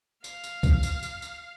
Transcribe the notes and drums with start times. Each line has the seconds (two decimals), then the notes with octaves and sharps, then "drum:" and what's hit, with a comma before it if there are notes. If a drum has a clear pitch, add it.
0.24 F5, drum: tambourine
0.44 drum: tambourine
0.63 drum: kick, tambourine
0.83 drum: tambourine
1.03 drum: tambourine
1.22 drum: tambourine